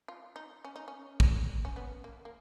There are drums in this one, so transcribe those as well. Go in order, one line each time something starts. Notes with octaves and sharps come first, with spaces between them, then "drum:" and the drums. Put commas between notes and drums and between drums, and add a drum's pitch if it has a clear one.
F4
D#4
C#4
D#4
C#4
drum: kick
C#4
B3
A#3
A#3